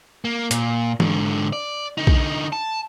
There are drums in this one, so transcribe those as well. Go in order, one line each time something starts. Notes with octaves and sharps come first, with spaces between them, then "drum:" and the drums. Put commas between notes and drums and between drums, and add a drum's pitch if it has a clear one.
A#3
A#2, drum: hi-hat
G#2 D3, drum: tom E3
D5
D3 D#4
drum: kick
A5